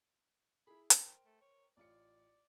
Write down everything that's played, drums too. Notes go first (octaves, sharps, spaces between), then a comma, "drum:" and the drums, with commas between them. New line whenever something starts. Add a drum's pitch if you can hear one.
E4 G#4 B5
A#4 C5 G5 A5, drum: hi-hat
A3
C#5
A1 F4 D5 C#7